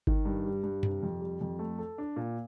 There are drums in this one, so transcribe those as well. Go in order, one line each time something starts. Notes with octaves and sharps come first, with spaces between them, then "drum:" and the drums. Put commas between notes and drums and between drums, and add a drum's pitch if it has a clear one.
D#3, drum: kick G1
G2
G3
G2
C3, drum: tom F#2
F2
G3
F2
A3
A4
D4
A#2